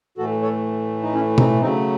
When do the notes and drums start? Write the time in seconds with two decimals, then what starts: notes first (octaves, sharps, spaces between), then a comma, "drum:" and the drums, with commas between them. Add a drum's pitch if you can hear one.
0.18 A2 E3 A3 F#4 A4
0.42 A4 C#5
1.03 D#4
1.13 C#4 E4
1.38 C4 D#4, drum: tom B2
1.61 C#3 F#3 A3 C4 D#4